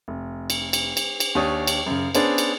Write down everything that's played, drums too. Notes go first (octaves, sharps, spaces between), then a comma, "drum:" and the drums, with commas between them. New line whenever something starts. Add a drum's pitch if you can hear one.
F1
drum: cymbal
drum: cymbal
drum: cymbal
drum: cymbal
D#2 D4 G4 C#5 D#6
drum: cymbal
F#2 C#3
B3 C#4 D4 G#4 C5, drum: cymbal
drum: cymbal